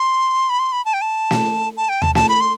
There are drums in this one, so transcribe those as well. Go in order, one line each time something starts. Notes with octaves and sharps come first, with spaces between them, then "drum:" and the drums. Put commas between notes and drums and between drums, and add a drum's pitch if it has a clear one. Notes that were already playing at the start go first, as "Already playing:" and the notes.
Already playing: C6
B5
C6
B5
A5
G5
A5
drum: snare
A5
G5
A5, drum: tom D#2
A5, drum: snare
B5
C6